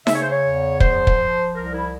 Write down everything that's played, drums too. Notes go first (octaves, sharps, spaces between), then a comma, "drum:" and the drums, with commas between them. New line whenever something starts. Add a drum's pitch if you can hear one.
C#3 E5, drum: snare D#4
C#5
C5
C#5
E2
F3 C5, drum: kick
drum: kick
F3
C2 A#4
E4